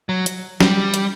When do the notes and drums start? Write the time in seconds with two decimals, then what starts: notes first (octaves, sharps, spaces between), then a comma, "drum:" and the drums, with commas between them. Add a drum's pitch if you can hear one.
0.09 F#3
0.26 drum: hi-hat
0.60 G3, drum: snare
0.94 drum: hi-hat